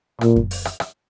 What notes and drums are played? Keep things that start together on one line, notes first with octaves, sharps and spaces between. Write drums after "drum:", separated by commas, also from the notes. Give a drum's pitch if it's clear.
A#2, drum: rim click
drum: kick F#2
drum: open hi-hat
drum: rim click
drum: rim click